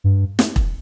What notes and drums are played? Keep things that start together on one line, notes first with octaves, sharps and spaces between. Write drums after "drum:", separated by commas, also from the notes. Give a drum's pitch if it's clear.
G2
drum: snare
drum: kick E1